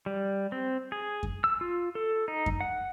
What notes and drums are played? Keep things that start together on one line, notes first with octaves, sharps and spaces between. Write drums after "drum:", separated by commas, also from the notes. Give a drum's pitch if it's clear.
G3
C4
G#4
drum: kick F#2
E6
F4
A4
D#4
drum: kick F#2
F#5